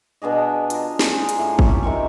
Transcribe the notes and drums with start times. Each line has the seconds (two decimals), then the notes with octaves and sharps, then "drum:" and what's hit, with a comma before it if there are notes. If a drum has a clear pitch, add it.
0.22 B2 D4 G#4 D#5
0.70 F4 A#4, drum: hi-hat
0.99 drum: snare
1.10 G#4 C5 A#5
1.29 drum: hi-hat
1.38 A2 F4
1.59 C#4 G4 G#5, drum: kick
1.83 C3 D#3 C4 C#6